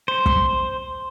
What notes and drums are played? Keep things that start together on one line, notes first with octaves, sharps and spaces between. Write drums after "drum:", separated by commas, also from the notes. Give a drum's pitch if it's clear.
C5
drum: kick